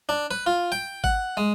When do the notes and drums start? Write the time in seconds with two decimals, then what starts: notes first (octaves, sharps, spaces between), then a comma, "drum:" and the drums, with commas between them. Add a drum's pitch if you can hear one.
0.09 D4
0.31 B4
0.46 F4
0.72 G5
1.04 F#5, drum: kick G#1
1.37 G#3